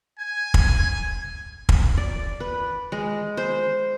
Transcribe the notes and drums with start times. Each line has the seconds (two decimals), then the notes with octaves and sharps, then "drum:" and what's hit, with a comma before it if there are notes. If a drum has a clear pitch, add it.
0.19 G#5 G#6
0.54 drum: kick
1.69 drum: kick
1.97 D5
2.40 B4
2.92 G#3
3.37 C5